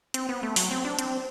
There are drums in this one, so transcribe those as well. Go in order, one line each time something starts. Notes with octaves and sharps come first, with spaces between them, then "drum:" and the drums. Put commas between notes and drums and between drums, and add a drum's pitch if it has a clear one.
C4, drum: hi-hat
B3
A3
F#3, drum: open hi-hat
C4
D4
C4, drum: hi-hat